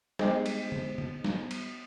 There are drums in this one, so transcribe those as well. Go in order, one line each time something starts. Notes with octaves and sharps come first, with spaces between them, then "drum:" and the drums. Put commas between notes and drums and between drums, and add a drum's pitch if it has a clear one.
G#3 B3 G4 G#4 C5 D#5, drum: snare
drum: cymbal
drum: tom
drum: tom
drum: snare
drum: cymbal